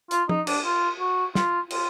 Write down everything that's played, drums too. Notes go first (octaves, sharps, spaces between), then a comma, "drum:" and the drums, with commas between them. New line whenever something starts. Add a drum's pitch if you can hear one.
F4, drum: hi-hat
D#4, drum: tom
D4, drum: cymbal
F4
F#4
F4, drum: snare
F4, drum: cymbal